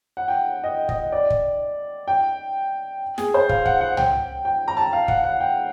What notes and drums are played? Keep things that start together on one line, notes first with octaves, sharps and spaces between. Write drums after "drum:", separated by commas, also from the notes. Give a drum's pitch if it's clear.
F#5
G5
D#5
D#5, drum: kick
D5
drum: kick
G5
G#4, drum: snare
C5
F5, drum: kick
F#5, drum: kick
F#5
G5, drum: tom
G5
A#5
A5
F5
F#5, drum: kick
F#5
G5